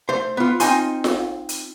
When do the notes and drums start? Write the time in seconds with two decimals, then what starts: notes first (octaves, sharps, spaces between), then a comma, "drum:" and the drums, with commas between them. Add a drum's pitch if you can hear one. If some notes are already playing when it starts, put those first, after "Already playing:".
0.09 A3 C5
0.37 B3 F4
0.60 C4 D#4 F4 G#5 C6, drum: hi-hat
1.04 drum: snare F4
1.49 drum: hi-hat